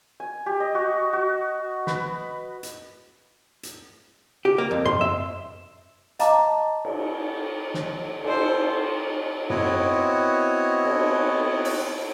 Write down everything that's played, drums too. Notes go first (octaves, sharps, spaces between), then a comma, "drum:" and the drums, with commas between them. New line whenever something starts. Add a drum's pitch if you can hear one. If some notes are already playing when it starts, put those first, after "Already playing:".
G#5
G4
D#5
F#4
F#4
B4, drum: snare
drum: hi-hat
drum: hi-hat
G4
A#3
F2
C6, drum: tom F#2
E5
D#5 F5 A5 A#5 D6, drum: hi-hat
drum: cymbal
drum: snare
A4 C5, drum: cymbal
B3 C4 E4 F#4 C#5 D#5, drum: tom F#2
drum: cymbal
drum: open hi-hat